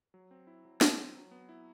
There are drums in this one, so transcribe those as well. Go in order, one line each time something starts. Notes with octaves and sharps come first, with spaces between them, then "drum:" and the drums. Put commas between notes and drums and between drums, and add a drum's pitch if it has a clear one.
F#3
C4
E4
F#3
F#3, drum: snare
C4
F#3
B3
E4